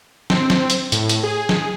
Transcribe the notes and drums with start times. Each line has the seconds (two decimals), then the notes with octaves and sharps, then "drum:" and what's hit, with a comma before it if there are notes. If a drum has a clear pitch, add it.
0.30 C4, drum: snare
0.50 drum: snare
0.70 drum: hi-hat
0.92 A2, drum: hi-hat
1.09 drum: hi-hat
1.24 G#4
1.49 drum: snare